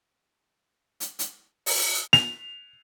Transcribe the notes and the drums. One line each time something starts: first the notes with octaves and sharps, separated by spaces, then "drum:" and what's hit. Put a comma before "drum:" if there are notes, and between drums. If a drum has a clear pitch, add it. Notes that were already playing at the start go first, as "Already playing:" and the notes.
drum: hi-hat
drum: hi-hat
drum: open hi-hat
F7, drum: snare